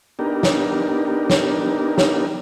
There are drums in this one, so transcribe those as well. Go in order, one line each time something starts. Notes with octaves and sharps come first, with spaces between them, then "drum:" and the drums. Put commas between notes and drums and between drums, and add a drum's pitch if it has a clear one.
B3 D4 D#4 G4 A#4
drum: snare
drum: snare
drum: snare